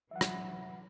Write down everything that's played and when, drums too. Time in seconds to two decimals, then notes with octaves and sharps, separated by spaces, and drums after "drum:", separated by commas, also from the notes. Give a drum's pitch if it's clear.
0.11 E3 F#3 E5 F#5
0.21 drum: rim click